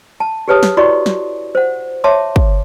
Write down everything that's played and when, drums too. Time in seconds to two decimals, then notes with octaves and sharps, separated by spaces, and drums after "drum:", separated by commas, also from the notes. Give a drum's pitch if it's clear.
0.20 A5
0.48 G4 G#4 B4 C#5 A5 D#6
0.63 drum: snare
0.77 E4 F#4 D5 D#5 C6 C#6
1.06 drum: snare
1.55 C5 F#5
2.04 C#5 E5 A5 C6 D6
2.36 drum: kick